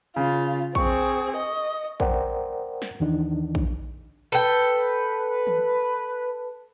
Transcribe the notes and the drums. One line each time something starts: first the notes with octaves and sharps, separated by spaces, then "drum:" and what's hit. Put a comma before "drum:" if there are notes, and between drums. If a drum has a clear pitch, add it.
C#3 F4
C4 G#4 C#6, drum: kick A#1
D#5
A#4 C5 D5 F#5 G5 A#5, drum: kick A#1
drum: snare
D#2 D#3 E3 D4 D#4
drum: kick A#1
A4 B4 G5
drum: tom D#3